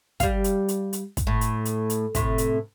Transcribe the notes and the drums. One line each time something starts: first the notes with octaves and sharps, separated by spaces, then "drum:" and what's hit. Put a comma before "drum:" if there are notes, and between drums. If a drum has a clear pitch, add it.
G3 F5, drum: kick, hi-hat
drum: hi-hat
drum: hi-hat
drum: hi-hat
drum: kick, hi-hat
A2
drum: hi-hat
drum: hi-hat
drum: hi-hat
A2 C3, drum: kick, hi-hat
drum: hi-hat